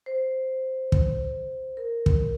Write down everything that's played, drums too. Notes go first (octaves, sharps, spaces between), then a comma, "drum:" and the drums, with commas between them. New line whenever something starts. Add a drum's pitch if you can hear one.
C5
drum: kick
A#4
drum: kick